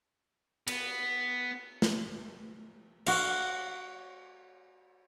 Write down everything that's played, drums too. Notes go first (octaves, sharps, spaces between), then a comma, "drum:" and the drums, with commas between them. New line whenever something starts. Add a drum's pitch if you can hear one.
B3, drum: cymbal
drum: snare
F#4 F5, drum: cymbal